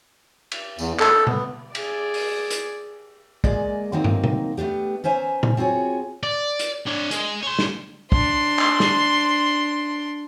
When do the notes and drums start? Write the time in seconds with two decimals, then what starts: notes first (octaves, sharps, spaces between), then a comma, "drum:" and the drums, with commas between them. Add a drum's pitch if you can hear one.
0.52 drum: cymbal
0.79 E2, drum: tambourine
0.99 A4, drum: clap
1.27 B3, drum: tom B2
1.75 G#4 D5, drum: cymbal
2.14 drum: open hi-hat
2.50 drum: hi-hat
3.44 G#3 A#3 G#4 D5 D#5, drum: kick
3.92 D#3 F#3 A#3 C4 D#4
4.04 drum: tom
4.24 drum: tom B2
4.57 A3 B3 D4 G4
5.04 C#4 C5 E5 G#5 A#5
5.43 drum: tom A#2
5.57 C4 F4 F#4 G#4 C#5
6.23 D5
6.59 drum: hi-hat
6.87 D4 C#5
7.11 G#3, drum: hi-hat
7.43 C#5 C6
7.59 drum: snare
8.12 D4 C6, drum: kick
8.59 drum: clap
8.80 drum: snare